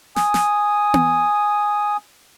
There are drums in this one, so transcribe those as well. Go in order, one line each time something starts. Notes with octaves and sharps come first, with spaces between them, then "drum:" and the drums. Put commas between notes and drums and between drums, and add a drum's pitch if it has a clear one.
G#5 D#6, drum: snare
drum: snare
drum: tom B3